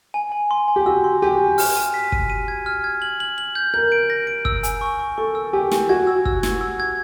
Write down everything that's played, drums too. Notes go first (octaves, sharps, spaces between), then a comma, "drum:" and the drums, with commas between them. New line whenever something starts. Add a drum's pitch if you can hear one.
G#5
G#5
C6
G#5
G4
F#4 E6
C6
G4 G#5
C6
F6, drum: open hi-hat
D#7
B6
D#7, drum: kick
D#7
G#6
F6
G#6
F#7
F#7
F#7
G6
A#4 G6
D7
A#6
D7
E6, drum: kick
G#5, drum: hi-hat
C#6
C#6
A4 C#6
E6
G4 G#5
G#5, drum: snare
F#4 G#6
E6
E6, drum: kick
G#6, drum: snare
E6
G#6